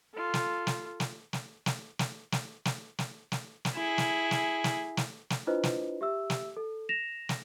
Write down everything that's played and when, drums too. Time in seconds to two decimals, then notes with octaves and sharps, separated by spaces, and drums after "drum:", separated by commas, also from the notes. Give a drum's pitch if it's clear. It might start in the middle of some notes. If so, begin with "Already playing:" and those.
0.14 F4 A4
0.34 drum: snare
0.67 drum: snare
1.00 drum: snare
1.33 drum: snare
1.66 drum: snare
1.99 drum: snare
2.32 drum: snare
2.65 drum: snare
2.99 drum: snare
3.32 drum: snare
3.65 drum: snare
3.74 E4 G#4
3.98 drum: snare
4.31 drum: snare
4.64 drum: snare
4.97 drum: snare
5.30 drum: snare
5.47 D4 E4 F4 B4 C5 D#5
5.63 drum: snare
6.01 G4 E5 E6
6.30 drum: snare
6.57 A4
6.89 A#6 E7 F7
7.29 drum: snare